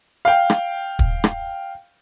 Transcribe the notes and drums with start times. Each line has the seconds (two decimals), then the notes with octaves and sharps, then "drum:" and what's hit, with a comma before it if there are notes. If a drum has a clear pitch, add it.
0.25 F5 G5
0.50 drum: rim click
0.99 drum: kick
1.24 drum: rim click